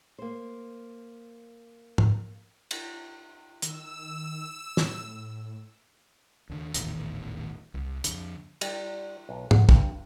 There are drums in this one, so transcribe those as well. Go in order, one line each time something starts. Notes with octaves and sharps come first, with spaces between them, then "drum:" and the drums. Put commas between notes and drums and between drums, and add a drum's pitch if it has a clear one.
A#3 C5
drum: tom
drum: cymbal
D#3 E6, drum: hi-hat
A2, drum: snare
D#2 D3
D#1 A1 E2 D#3, drum: hi-hat
C2
F2 D3, drum: hi-hat
G3, drum: cymbal
B1
F#5, drum: tom
G2, drum: kick